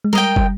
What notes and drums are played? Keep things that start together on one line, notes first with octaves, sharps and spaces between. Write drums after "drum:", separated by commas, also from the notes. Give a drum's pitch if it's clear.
G#3
G3 A#4 D#5 G5
G3, drum: kick